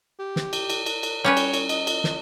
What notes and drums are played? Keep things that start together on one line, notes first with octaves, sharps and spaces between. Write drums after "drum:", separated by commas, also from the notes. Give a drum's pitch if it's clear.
G4
drum: snare
drum: cymbal
drum: cymbal
drum: cymbal
drum: cymbal
G3 C#4 B4 C#5
drum: cymbal
drum: cymbal
D#5, drum: cymbal
drum: cymbal
drum: snare